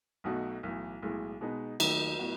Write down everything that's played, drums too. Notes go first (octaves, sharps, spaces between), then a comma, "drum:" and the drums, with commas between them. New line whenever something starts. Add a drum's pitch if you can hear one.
B1 B2 A3 D#4 F#4
B1 A2 E3
B1 A2 G#3
B2 G#3 B3 D#4
D#2 D#3 F#3 A3 D#4, drum: cymbal
A2 F#3 B3 F#4